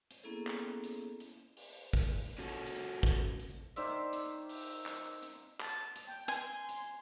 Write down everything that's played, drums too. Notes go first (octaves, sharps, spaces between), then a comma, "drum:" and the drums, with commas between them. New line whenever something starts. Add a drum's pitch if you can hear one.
drum: hi-hat
A#3 B3 C#4 E4 G#4 A4
drum: clap
drum: hi-hat
drum: hi-hat
drum: open hi-hat
drum: kick, open hi-hat
C#4 F#4 A4
drum: hi-hat
drum: kick
drum: hi-hat
D#3 C5 D5 E5, drum: hi-hat
drum: hi-hat
drum: open hi-hat
drum: clap
drum: hi-hat
A5, drum: clap
drum: hi-hat
G5
G#5 C6
drum: hi-hat